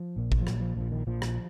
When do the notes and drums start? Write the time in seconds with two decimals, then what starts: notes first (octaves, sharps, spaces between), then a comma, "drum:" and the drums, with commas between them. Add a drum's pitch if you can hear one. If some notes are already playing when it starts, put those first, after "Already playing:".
Already playing: F3
0.16 A#1 A#2
0.32 drum: kick A1
0.41 F3
0.47 A#1 A#2 F#3, drum: rim click
0.61 F3
0.77 A#1 A#2 F3
0.92 D#3
1.07 A#1 A#2 F3
1.22 drum: rim click